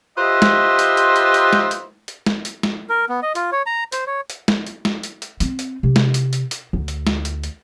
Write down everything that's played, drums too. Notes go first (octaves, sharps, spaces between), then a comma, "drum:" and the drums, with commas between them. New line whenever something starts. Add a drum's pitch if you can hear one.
F4 G4 B4 C5 D#5 E5
drum: snare
drum: hi-hat
drum: hi-hat
drum: hi-hat
drum: hi-hat
drum: snare
drum: hi-hat
drum: hi-hat
drum: snare
drum: hi-hat
drum: snare
A#4
B3
D#5
F4, drum: hi-hat
C#5
A#5
C5, drum: hi-hat
C#5
drum: hi-hat
drum: snare
drum: hi-hat
drum: snare
drum: hi-hat
drum: hi-hat
C4, drum: hi-hat
drum: hi-hat
C3
drum: snare
drum: hi-hat
drum: hi-hat
drum: hi-hat
D2
drum: hi-hat
drum: snare
drum: hi-hat
drum: hi-hat